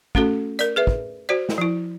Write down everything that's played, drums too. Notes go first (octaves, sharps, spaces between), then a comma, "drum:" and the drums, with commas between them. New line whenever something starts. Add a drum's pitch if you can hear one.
A3 C#4 F#4 A4, drum: kick
A#4 D5, drum: hi-hat
G#4 B4 E5
drum: kick
F#4 C5 D5
drum: snare
F3 E4